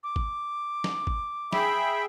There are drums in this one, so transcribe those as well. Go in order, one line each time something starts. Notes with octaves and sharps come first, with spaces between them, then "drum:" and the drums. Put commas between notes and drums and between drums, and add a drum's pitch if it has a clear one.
D6
drum: kick
drum: snare
drum: kick
G#4 E5 G5 B5, drum: snare